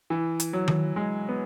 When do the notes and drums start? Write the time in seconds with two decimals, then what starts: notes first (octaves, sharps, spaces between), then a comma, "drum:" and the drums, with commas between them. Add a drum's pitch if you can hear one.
0.10 E3
0.40 drum: hi-hat
0.53 F#3
0.68 drum: tom D#3
0.96 G#3
1.29 B3